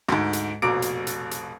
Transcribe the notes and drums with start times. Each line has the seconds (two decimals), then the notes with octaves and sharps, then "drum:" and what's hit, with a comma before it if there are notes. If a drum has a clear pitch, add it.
0.09 D2 G#2, drum: rim click
0.33 drum: hi-hat
0.62 F1 A#1 B2 A#5 D6 D7
0.82 drum: hi-hat
1.07 drum: hi-hat
1.31 drum: hi-hat